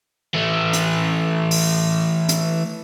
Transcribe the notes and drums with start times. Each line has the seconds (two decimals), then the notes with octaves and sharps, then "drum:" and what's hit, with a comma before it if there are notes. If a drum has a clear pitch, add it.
0.34 E3 A3
0.73 drum: hi-hat
1.51 drum: open hi-hat
2.29 drum: hi-hat